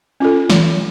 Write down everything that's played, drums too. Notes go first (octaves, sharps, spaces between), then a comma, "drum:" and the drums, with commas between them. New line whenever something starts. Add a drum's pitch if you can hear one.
C#4 F4 A4
E3, drum: snare